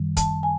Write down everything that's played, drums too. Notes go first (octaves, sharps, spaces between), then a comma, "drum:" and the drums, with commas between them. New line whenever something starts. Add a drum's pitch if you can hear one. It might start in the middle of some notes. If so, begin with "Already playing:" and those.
Already playing: F#2 D#3 G3
A5, drum: kick, hi-hat
G#5